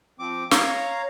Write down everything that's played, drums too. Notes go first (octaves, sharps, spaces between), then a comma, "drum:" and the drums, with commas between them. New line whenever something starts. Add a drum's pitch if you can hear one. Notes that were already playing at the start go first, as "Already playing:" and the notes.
F3 C4 D6
C#5 F5 A#5, drum: snare